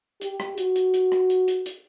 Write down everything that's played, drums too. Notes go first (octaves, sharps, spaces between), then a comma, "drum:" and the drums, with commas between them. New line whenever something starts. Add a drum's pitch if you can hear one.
G4, drum: hi-hat
drum: rim click
F#4, drum: hi-hat
drum: hi-hat
drum: hi-hat
drum: rim click
drum: hi-hat
drum: hi-hat
drum: hi-hat